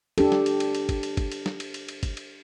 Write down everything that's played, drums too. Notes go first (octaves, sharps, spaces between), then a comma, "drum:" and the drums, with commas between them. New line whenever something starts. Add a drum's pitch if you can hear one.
D4 G4 A4, drum: cymbal
drum: snare
drum: cymbal
drum: cymbal
drum: cymbal
drum: kick, cymbal
drum: cymbal
drum: kick, cymbal
drum: cymbal
drum: snare
drum: cymbal
drum: cymbal
drum: cymbal
drum: kick, cymbal
drum: cymbal